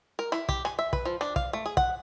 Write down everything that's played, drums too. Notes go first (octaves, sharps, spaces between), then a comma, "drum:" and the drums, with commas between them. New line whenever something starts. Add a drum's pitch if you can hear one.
A#4
E4, drum: rim click
G4, drum: kick
G#5, drum: rim click
E5
B4, drum: kick
F3
D4, drum: rim click
F5, drum: kick
A3
G#4
F#5, drum: kick